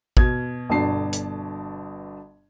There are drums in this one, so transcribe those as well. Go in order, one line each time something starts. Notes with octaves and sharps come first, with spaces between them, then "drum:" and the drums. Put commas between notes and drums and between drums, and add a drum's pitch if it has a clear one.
B2 G#6, drum: kick
G1 B2 D3 D4 A5 C7
drum: hi-hat